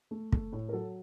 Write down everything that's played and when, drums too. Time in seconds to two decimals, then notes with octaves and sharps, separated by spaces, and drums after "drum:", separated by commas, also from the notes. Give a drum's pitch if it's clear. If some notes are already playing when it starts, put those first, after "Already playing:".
0.11 A3
0.32 A3, drum: kick
0.53 A2
0.69 A#4
0.73 F#3 A4